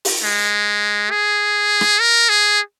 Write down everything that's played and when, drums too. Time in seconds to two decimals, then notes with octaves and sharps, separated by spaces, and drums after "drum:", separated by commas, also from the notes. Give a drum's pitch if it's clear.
0.05 drum: open hi-hat
0.23 G#3
1.11 G#4
1.81 drum: rim click
2.00 A#4
2.29 G#4